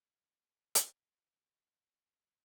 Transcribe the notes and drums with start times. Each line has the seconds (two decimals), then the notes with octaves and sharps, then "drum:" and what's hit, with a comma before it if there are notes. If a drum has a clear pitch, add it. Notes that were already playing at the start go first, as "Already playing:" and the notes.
0.14 A5 D6
0.75 drum: hi-hat